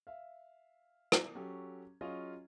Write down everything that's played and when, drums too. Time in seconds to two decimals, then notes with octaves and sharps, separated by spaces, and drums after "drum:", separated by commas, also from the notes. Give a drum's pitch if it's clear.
0.07 E5 F5
1.12 drum: rim click
1.35 F#3 C#4 G4 A4
2.01 F#3 C#4 F4 G#4 D#5 F5